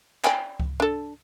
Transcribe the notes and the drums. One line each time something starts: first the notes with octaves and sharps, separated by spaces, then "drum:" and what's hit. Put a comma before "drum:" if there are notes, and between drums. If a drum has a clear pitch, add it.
D5 G5 G#5, drum: clap
drum: kick C#2
D4 A4